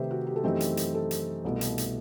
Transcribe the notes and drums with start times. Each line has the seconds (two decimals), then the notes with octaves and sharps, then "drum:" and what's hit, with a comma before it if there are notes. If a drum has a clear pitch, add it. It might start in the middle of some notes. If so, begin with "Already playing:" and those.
Already playing: C3 D#3 A3 D#4 G4 B4 C5 E5
0.11 F#4
0.27 G4
0.36 A4
0.43 F#2 E3 A3 C4 D#4 G4
0.60 drum: hi-hat
0.77 drum: hi-hat
0.95 A4
1.11 drum: hi-hat
1.44 C2 B2 A3
1.61 drum: hi-hat
1.78 drum: hi-hat